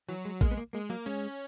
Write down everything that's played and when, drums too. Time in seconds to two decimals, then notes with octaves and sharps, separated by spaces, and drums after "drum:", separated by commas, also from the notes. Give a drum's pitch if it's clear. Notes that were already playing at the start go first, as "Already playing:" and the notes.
0.09 E3 F#3
0.25 G#3
0.41 G#3 A#3, drum: kick A#1
0.51 B3
0.57 A#3
0.73 G#3 A#3
0.89 F#3 A#3
1.06 G#3 C#4